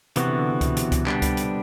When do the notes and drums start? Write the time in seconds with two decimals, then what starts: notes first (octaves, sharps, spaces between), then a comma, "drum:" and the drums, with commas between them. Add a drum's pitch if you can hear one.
0.16 C3 E3 B3 F#4, drum: hi-hat
0.27 D3
0.38 D3
0.51 C3
0.61 B2, drum: kick C#2, hi-hat
0.77 C3, drum: hi-hat
0.92 drum: kick C#2, hi-hat
1.06 G3 B3 D4 G4, drum: clap
1.22 drum: kick C#2, hi-hat
1.37 drum: hi-hat